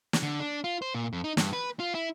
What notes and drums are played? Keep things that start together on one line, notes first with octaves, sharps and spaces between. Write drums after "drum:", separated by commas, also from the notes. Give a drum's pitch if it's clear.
drum: snare
D3
D4
F4
C5
A#2
F2
D#4
G2, drum: snare
B4
F4
E4